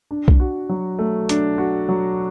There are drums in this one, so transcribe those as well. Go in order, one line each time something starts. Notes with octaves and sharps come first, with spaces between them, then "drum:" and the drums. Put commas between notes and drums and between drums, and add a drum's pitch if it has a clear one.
D4
drum: kick B1
F#4
F#3
A3
D4, drum: hi-hat
F#4
F#3